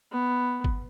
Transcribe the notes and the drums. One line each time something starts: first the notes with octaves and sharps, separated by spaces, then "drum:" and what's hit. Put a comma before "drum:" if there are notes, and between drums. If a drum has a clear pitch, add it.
B3
drum: kick G1